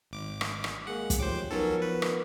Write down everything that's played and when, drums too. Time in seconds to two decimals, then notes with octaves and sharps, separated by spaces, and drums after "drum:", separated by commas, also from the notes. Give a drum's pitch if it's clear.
0.11 G#1 D6
0.41 drum: rim click
0.64 drum: rim click
0.87 G#3 A#3 G#4 F#5
1.10 drum: kick, hi-hat
1.20 D2 D#3 F3 G4 C5 C#5 G5 D6
1.51 F3 F#3 B3 C#4 D#4 A4 A#4
1.82 B4
2.02 drum: rim click